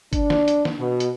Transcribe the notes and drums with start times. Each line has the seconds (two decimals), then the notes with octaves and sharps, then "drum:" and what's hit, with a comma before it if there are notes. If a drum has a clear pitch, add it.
0.13 D4, drum: kick G1, hi-hat
0.30 drum: snare
0.48 drum: hi-hat
0.65 drum: snare
0.78 B2
1.00 drum: hi-hat